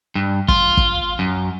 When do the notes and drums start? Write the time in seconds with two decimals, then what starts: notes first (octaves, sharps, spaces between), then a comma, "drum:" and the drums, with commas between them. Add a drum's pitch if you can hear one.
0.15 G2
0.48 F4, drum: kick
0.77 drum: kick
1.19 F#2